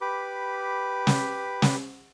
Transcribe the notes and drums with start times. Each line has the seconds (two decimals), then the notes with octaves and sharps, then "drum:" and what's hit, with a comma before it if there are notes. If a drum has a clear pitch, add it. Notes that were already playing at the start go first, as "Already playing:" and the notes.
0.01 G4 B4 B5 D6
1.07 drum: snare
1.62 drum: snare